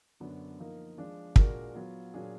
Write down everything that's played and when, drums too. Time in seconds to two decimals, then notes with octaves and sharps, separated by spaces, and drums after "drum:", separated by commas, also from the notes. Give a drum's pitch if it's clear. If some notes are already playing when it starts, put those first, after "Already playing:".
0.20 F#2 D3 F#3 B3 D4
0.59 F3 A#3 D#4 A#4
0.98 F3 G#3 D4
1.36 A#2 G#3 D4 F#4 A#4, drum: kick
1.75 F#3 B3 F4
2.14 A#2 F#3 D4 F4 G#4